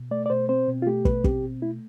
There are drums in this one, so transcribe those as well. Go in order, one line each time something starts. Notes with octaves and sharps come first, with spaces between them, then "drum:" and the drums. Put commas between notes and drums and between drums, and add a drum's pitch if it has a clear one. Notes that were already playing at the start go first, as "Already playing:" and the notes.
Already playing: B2
A3 D5
D5
B2 C5
C4 C5
B2
F4
A3 G4
B2 B4, drum: kick
C4 G4, drum: kick
B2
A3 E4